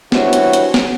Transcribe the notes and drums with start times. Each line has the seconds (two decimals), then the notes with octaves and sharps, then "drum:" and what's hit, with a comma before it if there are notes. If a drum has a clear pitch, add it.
0.12 E3 G3 D4 F#4 C5 C#5, drum: snare
0.33 drum: hi-hat
0.53 drum: hi-hat
0.74 drum: snare